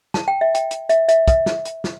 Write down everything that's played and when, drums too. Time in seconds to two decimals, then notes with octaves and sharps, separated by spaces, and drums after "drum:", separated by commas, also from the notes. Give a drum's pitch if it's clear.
0.14 A5, drum: snare
0.28 G5
0.41 E5
0.55 G5, drum: hi-hat
0.71 drum: hi-hat
0.89 E5, drum: hi-hat
1.09 E5, drum: hi-hat
1.28 E5, drum: kick, hi-hat
1.46 drum: snare
1.65 drum: hi-hat
1.84 drum: snare